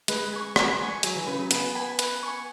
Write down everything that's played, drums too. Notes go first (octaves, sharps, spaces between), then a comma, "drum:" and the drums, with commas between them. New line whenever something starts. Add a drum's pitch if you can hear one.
G#3 B4, drum: hi-hat
G#5
C#6
B4, drum: rim click
G#5 C#6
F#3 G#4, drum: hi-hat
E3
C#3 B4 G#5 B5
F#3
B3 G#4, drum: hi-hat
B4 G#5 B5
B4, drum: hi-hat
G#5 C#6